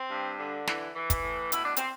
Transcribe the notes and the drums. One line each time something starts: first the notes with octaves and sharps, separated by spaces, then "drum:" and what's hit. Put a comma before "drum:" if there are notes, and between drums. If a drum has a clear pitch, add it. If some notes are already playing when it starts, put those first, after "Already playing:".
Already playing: C4
G2
D3
E3, drum: snare
E3
drum: kick, hi-hat
A2
B2 E4, drum: hi-hat
D4
C4, drum: hi-hat